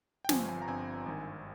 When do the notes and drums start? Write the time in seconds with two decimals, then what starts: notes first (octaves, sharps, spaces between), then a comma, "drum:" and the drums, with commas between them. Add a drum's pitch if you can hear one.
0.25 G5
0.29 G1 G2 F3 C4 G#5, drum: snare
0.49 G#5
0.62 A#5
0.68 G1 G2 F3 C4 G#5
1.06 G#1 G2 D#3